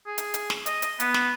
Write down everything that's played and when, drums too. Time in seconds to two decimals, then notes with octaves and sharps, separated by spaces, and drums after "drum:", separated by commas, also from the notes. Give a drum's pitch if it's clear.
0.06 G#4
0.18 drum: hi-hat
0.34 drum: hi-hat
0.50 drum: snare
0.66 D#5, drum: hi-hat
0.82 drum: hi-hat
1.00 B3, drum: hi-hat
1.14 drum: snare